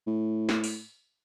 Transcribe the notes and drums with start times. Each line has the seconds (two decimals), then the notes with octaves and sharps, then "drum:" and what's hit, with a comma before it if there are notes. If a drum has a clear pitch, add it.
0.07 A2
0.49 drum: snare
0.64 drum: open hi-hat